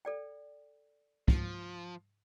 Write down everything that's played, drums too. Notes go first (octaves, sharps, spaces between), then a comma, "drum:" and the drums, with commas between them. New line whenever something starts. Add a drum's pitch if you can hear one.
A4 D5 G5
F3, drum: kick